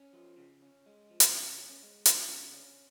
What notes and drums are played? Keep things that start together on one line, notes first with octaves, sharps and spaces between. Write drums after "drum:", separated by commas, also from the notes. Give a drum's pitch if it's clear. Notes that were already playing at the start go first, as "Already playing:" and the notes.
Already playing: C#4
F3
C#3
C#4
G#3
F3
drum: hi-hat
C#3 D4
C#4
C#4
G#3
F3 D4, drum: hi-hat
C#3
C#4